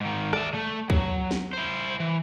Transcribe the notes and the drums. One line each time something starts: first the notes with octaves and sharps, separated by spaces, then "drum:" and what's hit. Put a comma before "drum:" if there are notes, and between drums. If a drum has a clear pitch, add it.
G#2 D#3
D5 E5, drum: rim click
A3
F#3, drum: kick
drum: snare
E4 C5
E3